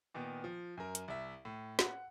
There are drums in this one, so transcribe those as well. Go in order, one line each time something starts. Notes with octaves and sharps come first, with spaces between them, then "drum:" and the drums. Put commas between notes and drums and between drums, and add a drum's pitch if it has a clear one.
A#2 D#3 B3
F3
F#2 A#4
drum: hi-hat
C2 E5
A2
F#5, drum: snare